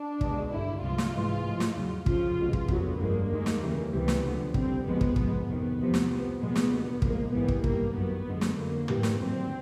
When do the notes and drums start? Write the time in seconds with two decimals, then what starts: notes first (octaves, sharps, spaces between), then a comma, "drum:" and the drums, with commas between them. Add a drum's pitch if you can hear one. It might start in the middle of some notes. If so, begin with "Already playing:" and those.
Already playing: D4
0.21 C#2 B2 G#3, drum: kick
0.52 G2 D3 G3 E4
0.83 C2 C3 F3 G#3 F4
0.98 drum: snare
1.14 G#2 E3 G#3
1.44 A2 F3 G#3
1.60 drum: snare
1.75 E2 C#3 F#3
2.06 F2 C#3 F3 F4, drum: kick
2.37 C2 B2 G#3
2.53 drum: kick
2.68 F2 D3 F#3 B3, drum: kick
2.99 G2 D3 F3 G#3 A#3
3.30 D#2 D#3 G#3
3.46 drum: snare
3.61 F2 C#3 E3 G3
3.92 C#2 C3 E3 G3 B3
4.08 drum: snare
4.24 D2 D3 F3
4.54 G2 D3 G3 C4, drum: kick
4.85 F2 C#3 F3 G#3 B3
5.01 drum: kick
5.16 G#2 F3 G#3, drum: kick
5.47 F2 C3 D#3 B3
5.78 E2 C3 F3
5.94 drum: snare
6.09 C2 C3 F3
6.40 C2 A#2 F3 G#3 B3
6.56 drum: snare
6.71 D#2 D3 F#3
7.02 A2 F3 G#3 A#3, drum: kick
7.33 G#2 E3 G3 B3
7.48 drum: kick
7.64 G2 D#3 G3 A#3, drum: kick
7.95 F#2 D#3 F#3 B3
8.26 F#2 D3 F3 G#3
8.41 drum: snare
8.57 F2 D3 F#3 A#3
8.88 G#2 E3 G3, drum: tom
9.03 drum: snare
9.19 D#2 D3 F#3 C4